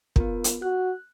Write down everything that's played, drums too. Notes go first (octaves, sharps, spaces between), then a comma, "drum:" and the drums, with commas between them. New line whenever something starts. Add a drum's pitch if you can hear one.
B3 F4 A#4, drum: kick
drum: hi-hat
F#4 F#6